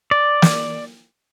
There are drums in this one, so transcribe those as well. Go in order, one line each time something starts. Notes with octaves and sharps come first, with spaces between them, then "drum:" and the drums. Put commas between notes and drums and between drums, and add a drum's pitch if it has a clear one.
D5
drum: snare